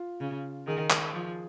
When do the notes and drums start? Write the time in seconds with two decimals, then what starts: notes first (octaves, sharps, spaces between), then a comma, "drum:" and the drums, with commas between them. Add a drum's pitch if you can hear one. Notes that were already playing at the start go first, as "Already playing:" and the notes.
Already playing: F4
0.21 C#3
0.67 D#3 G#4
0.90 drum: clap
1.13 F3